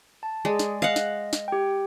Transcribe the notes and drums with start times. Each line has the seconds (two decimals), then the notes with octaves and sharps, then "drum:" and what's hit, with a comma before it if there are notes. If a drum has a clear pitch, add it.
0.23 A5
0.45 G#3 G#4 D5
0.59 drum: snare
0.82 D#5 F5 F#5
0.96 drum: snare
1.33 drum: snare
1.48 G4 G5